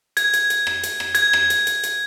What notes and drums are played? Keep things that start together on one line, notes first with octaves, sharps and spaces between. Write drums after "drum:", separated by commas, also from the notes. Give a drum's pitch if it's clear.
G#6, drum: hi-hat
drum: hi-hat
drum: hi-hat
drum: rim click
drum: hi-hat
drum: rim click
G#6, drum: hi-hat
drum: rim click
drum: hi-hat
drum: hi-hat
drum: hi-hat